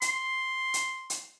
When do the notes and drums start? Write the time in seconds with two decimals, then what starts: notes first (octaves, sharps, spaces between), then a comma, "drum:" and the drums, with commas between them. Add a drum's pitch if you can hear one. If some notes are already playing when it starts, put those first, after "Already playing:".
0.02 C6, drum: hi-hat
0.74 drum: hi-hat
1.10 drum: hi-hat